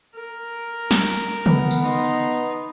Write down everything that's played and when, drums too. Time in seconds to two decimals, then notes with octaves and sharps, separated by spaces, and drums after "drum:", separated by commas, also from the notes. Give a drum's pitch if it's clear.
0.15 A#4
0.91 drum: snare
1.46 B3, drum: tom
1.71 drum: tambourine
1.82 D#4 C6